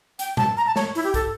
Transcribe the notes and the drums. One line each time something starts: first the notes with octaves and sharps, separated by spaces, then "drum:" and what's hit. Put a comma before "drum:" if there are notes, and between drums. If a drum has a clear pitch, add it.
G5, drum: hi-hat
A5, drum: tom A#2
A#5
A5
C#5, drum: snare
E4, drum: open hi-hat
G4
A4, drum: kick, hi-hat